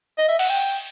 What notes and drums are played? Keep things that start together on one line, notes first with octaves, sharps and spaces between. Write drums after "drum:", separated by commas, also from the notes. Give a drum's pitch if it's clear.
D#5
E5
F#5, drum: cymbal
G5